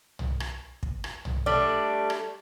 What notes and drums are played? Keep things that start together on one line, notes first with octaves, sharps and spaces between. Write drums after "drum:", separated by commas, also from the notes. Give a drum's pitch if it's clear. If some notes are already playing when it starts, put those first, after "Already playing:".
drum: tom
drum: rim click
drum: kick
drum: rim click
drum: tom
G3 A3 D4
drum: rim click